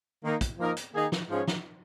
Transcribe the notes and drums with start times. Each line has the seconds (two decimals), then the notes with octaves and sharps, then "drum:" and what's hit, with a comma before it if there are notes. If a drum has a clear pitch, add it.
0.23 D#3 A#3 D#4
0.41 drum: kick, hi-hat
0.59 F3 A#3 D#4 A#4 D#5
0.77 drum: hi-hat
0.94 D#3 A#3 D#4 G#4
1.12 drum: snare
1.29 G#2 F3 G#3 C#4
1.47 drum: snare